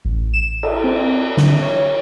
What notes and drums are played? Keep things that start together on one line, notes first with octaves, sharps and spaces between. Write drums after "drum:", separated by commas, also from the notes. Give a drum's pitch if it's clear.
A1
E7
A4, drum: cymbal
C4
D3, drum: snare
C#5